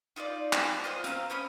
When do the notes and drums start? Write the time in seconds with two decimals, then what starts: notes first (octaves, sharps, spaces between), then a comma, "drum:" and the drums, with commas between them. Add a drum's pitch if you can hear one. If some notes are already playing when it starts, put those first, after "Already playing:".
0.16 D#4 F4 A4 D5
0.53 drum: clap
0.84 F4 C5 D#5
1.04 C4 F5 A#5, drum: hi-hat
1.30 C4 C#4 B5 D#6